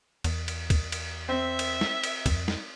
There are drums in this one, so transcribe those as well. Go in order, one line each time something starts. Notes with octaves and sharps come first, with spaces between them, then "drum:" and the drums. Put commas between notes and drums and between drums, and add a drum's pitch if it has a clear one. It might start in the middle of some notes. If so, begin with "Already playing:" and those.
E2, drum: cymbal
drum: cymbal
drum: kick, cymbal
drum: cymbal
C4 E5
drum: cymbal
drum: snare
drum: cymbal
F2, drum: kick, cymbal
drum: snare